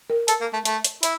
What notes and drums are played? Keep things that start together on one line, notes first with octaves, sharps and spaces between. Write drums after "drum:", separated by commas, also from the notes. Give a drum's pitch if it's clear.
A#4
A4, drum: hi-hat
A#3
A3
A3, drum: hi-hat
drum: hi-hat
E4, drum: hi-hat